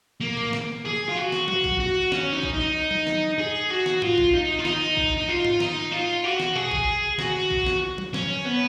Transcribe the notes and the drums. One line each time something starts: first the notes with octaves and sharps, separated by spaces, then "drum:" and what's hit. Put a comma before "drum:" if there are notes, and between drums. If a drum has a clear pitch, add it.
A#3
drum: tom A2
drum: snare
G#4
F4
F#4
drum: snare
F#4, drum: tom F#3
drum: kick A#1
F#4
C#4, drum: snare
D#4
drum: kick A#1
D#4
drum: tom F#3
drum: snare
G#4
F#4
drum: snare
F4, drum: tom G#2
drum: kick A#1
D#4
F4
D#4, drum: snare
drum: kick A#1
D#4
F4
drum: tom G#2
D#4, drum: snare
F4
F#4
drum: snare
G#4, drum: tom B2
drum: kick A#1
F#4, drum: snare
drum: kick A#1
drum: snare
drum: tom F#3
C#4, drum: snare
B3